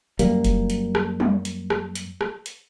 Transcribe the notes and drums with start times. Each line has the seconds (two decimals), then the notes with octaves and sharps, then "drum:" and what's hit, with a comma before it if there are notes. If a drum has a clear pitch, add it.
0.19 F#2 G3 A#3, drum: hi-hat
0.44 drum: kick F1, hi-hat
0.70 drum: hi-hat
0.95 drum: rim click
1.20 drum: tom
1.45 drum: hi-hat
1.70 drum: rim click
1.95 drum: hi-hat
2.21 drum: rim click
2.46 drum: hi-hat